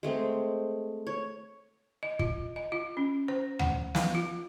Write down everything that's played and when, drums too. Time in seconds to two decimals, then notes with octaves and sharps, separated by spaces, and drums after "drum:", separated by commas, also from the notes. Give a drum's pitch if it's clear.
0.03 G#3 A3 C4
1.07 C#5
2.03 D#5
2.19 F4, drum: kick
2.56 D#5
2.72 F4
2.97 C#4
3.28 C5
3.59 F#5, drum: tom D2
3.95 F5, drum: snare
4.15 F4